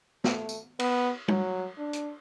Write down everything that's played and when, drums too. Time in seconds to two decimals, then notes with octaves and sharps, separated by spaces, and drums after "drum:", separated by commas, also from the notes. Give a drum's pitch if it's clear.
0.24 A3, drum: snare
0.49 drum: tambourine
0.79 B3, drum: cymbal
1.28 F#3, drum: tom G3
1.78 D4
1.93 drum: hi-hat